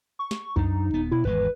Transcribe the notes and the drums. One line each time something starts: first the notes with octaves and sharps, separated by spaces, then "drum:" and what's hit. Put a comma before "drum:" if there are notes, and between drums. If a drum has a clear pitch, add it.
C#6
drum: snare
F#2 D4 D#4, drum: kick C2
D#1 B3
B2 E4
G#1 E2 G#3 B4